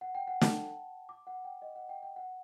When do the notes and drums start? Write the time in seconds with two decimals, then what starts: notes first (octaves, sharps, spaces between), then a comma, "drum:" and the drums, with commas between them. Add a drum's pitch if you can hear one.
0.01 F#5
0.15 G5
0.28 F#5
0.41 A5, drum: snare
1.09 D6
1.27 F#5
1.45 G5
1.62 D#5
1.76 F#5
1.89 G5
2.03 G5
2.16 F#5